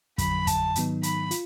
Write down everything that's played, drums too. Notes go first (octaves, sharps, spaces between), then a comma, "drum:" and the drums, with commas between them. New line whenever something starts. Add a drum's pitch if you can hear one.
F2 D3 F#3 B5, drum: kick, hi-hat
A5, drum: kick, hi-hat
G#2 D#3 F#3 B3 D#4, drum: hi-hat
B5, drum: hi-hat
F4, drum: hi-hat